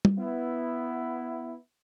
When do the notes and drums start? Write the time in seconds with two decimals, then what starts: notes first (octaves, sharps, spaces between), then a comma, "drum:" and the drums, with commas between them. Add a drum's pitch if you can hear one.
0.05 drum: tom G3
0.18 B3 E4